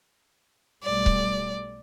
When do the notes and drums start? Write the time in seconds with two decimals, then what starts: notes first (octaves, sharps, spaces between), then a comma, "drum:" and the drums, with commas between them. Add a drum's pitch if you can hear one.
0.84 B1 G3 A3 D5
1.06 drum: kick C#1